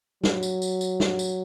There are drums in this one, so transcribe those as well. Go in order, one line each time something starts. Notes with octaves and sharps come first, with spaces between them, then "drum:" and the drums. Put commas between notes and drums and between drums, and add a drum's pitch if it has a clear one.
F#3, drum: snare
drum: tambourine
drum: tambourine
drum: tambourine
drum: snare
drum: tambourine